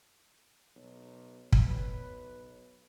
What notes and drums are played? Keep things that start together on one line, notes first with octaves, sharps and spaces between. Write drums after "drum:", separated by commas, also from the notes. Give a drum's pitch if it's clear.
B1
drum: kick
B1 B4